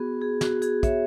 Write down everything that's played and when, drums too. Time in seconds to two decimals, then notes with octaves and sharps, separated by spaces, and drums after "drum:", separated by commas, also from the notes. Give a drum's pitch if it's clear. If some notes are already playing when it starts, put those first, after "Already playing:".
Already playing: B3 F#4 G#4
0.21 G#4
0.41 F#4, drum: snare
0.62 G#4, drum: hi-hat
0.83 C#5 E5, drum: kick, hi-hat